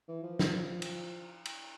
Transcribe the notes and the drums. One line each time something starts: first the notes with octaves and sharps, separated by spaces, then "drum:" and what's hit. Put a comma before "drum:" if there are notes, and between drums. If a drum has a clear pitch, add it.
E3
F3
drum: snare
drum: cymbal
drum: cymbal